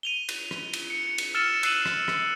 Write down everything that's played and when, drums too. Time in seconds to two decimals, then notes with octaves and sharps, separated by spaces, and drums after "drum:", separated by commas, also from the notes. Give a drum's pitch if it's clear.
0.03 D#7 F7 G7
0.29 drum: cymbal
0.51 drum: rim click
0.73 drum: cymbal
0.90 C#7
1.18 drum: cymbal
1.34 E6 F6 A6 C#7 E7
1.63 E6 F#6 C7 D#7 E7 F#7, drum: cymbal
1.86 drum: rim click
2.08 drum: rim click